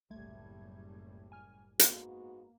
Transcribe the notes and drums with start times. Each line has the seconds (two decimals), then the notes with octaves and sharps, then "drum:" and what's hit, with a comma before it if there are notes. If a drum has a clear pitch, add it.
0.10 F#1 C2 A2 G3 A3 G#6
1.32 G#5 F6
1.79 G#2 A#3 B3 F#4, drum: hi-hat